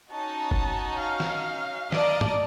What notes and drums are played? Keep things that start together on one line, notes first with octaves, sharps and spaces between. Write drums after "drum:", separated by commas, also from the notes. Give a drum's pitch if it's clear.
C#4 D#4 F#4 A5
drum: kick F#1
F5
drum: snare
D5 D#5 A5 A#5, drum: snare
drum: tom G2